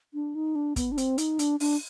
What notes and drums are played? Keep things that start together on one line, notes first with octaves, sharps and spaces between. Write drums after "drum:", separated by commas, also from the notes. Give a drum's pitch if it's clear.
D4
D#4
D4
B3, drum: kick, hi-hat
D4
C4, drum: hi-hat
D#4, drum: hi-hat
D4, drum: hi-hat
D4, drum: open hi-hat